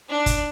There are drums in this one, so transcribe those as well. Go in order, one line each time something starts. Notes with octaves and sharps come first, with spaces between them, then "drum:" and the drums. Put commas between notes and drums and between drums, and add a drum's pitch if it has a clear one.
D4
drum: kick, hi-hat